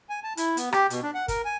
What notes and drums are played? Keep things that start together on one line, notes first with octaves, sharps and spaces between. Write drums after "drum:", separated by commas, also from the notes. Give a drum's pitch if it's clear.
G#5
A5
E4, drum: hi-hat
B3, drum: hi-hat
G4, drum: rim click
B2, drum: hi-hat
D4
F#5
A#4, drum: kick, hi-hat
G#5